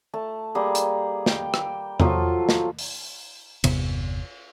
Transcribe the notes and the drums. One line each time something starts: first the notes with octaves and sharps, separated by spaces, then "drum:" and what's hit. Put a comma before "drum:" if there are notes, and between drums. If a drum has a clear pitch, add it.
A3 A5
G3 A#3 G#4
drum: hi-hat
G5, drum: snare
drum: rim click
F3 F#3 F4 A4, drum: tom E2
drum: snare
drum: open hi-hat
G1 E2 C3 B3, drum: cymbal